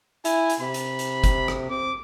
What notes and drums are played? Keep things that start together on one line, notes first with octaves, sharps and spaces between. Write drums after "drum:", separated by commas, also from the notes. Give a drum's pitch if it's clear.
E4 G#5, drum: hi-hat
drum: hi-hat
C3 B5
drum: hi-hat
drum: hi-hat
drum: kick F#1, hi-hat
drum: rim click
C4 D6